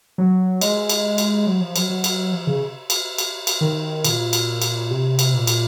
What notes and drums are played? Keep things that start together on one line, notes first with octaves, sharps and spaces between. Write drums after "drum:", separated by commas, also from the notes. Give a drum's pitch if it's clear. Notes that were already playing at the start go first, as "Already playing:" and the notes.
F#3
G#3, drum: cymbal
drum: cymbal
drum: cymbal
F#3
F3
F#3, drum: cymbal
F#3
drum: cymbal
F3
C#3
drum: cymbal
drum: cymbal
drum: cymbal
D#3
A#2, drum: cymbal
drum: cymbal
drum: cymbal
C3
drum: cymbal
A#2
drum: cymbal